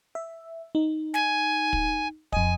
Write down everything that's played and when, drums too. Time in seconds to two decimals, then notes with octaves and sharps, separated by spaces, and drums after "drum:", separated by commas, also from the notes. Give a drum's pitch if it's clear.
0.15 E5
0.75 D#4
1.14 G#5, drum: snare
1.73 drum: kick
2.32 F2 D#5 G#5, drum: kick